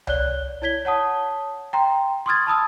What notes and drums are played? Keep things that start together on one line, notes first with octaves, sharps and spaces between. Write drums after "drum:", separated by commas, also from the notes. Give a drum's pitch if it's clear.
C#5 D5 F#6 G7, drum: tom C2
E4 C#5 G#6 B6 G7
C#5 F#5 A5 D#6
G5 A#5 C6
C6 C#6 D#6 F6 G#6 A6
A5 B5 D#6 E6